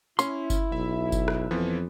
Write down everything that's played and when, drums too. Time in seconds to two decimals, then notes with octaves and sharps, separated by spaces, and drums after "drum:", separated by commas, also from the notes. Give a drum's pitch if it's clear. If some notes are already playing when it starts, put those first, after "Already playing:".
0.19 C#4 E4 C6, drum: tambourine
0.50 drum: kick G1, tambourine
0.72 B1 E5
1.12 drum: kick G1, tambourine
1.28 drum: rim click
1.51 F2 E3 F3 B3